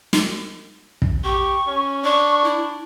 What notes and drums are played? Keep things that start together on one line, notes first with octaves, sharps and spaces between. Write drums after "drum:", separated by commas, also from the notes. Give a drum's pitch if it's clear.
drum: snare
drum: kick
G4 C#6
C#4
D4 C#6
E4